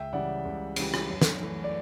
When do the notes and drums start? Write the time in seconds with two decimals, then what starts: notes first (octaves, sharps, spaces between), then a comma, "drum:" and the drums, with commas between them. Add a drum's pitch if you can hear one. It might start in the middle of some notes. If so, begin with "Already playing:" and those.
Already playing: C#2 E5 G5
0.13 C#3 E3 G3 D5 F#5
0.45 C#2
0.76 C#3 E3 G3, drum: cymbal
0.94 drum: rim click
1.09 F#2
1.22 drum: snare
1.40 E3 A3 E4
1.64 D5